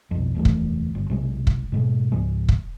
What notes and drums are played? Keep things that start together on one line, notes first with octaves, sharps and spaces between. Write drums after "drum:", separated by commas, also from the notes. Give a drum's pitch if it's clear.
B1 F2
F1 D#2 E3 A3
drum: kick
G1
B1 C3 G#3
drum: kick
G#2 B2 G#3
C#2 G#2 F3 G#3
drum: kick